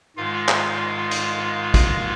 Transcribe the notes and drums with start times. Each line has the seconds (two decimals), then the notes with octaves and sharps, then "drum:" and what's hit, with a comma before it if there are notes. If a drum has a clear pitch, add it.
0.17 G#2 D#3 G#3 F4 F5
0.49 drum: clap
1.11 drum: hi-hat
1.74 drum: kick, hi-hat